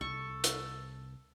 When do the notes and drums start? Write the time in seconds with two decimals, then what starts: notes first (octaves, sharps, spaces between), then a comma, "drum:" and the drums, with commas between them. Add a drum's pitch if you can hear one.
0.01 C2 A4 C#6
0.44 drum: hi-hat